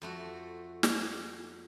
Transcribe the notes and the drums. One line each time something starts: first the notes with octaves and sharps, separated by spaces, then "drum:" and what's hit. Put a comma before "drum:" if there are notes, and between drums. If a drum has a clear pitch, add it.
F2 A3 F#4
drum: snare